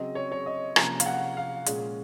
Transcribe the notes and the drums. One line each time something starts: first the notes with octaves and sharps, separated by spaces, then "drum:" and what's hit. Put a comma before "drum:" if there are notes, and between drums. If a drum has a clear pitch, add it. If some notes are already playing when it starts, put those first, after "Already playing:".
Already playing: C#3 F#3 C4 D#5
C#5
C#5
D#5
C3 F3 A#3 C#4 A#5, drum: rim click
F5, drum: hi-hat
F#5
F5
A#2 G#3 C#4, drum: hi-hat